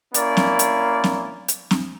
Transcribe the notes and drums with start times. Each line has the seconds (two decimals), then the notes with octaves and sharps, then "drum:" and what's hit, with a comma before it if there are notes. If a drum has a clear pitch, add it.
0.14 A#3 C#4 E4 D5, drum: hi-hat
0.37 drum: snare C4
0.59 drum: hi-hat
1.04 drum: snare C4
1.48 drum: hi-hat
1.71 drum: snare C4